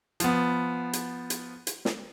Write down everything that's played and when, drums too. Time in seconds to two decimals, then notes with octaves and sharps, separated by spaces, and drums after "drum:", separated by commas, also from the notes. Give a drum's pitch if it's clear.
0.20 F3 B3, drum: hi-hat
0.93 drum: hi-hat
1.30 drum: hi-hat
1.67 drum: hi-hat
1.85 drum: snare